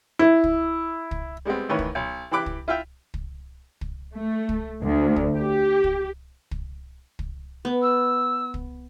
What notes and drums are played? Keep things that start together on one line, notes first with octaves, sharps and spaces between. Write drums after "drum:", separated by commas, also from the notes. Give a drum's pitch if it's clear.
E4
drum: kick
drum: kick
G3 G#3 B3 C4
A1 A2 D#3 E3 B4 C#5
drum: kick
B1
E3 G4 B5 D6 F#6
drum: kick
E4 F4 E5 G5
drum: kick
drum: kick
A3
drum: kick
D2
drum: kick
G4
drum: kick
drum: kick
drum: kick
B3
E6
drum: kick